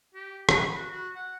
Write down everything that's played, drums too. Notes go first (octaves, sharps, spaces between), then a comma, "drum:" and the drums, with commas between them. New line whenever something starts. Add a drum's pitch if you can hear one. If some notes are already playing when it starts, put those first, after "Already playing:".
G4
B4, drum: rim click
B5
F#4
F#4
F#5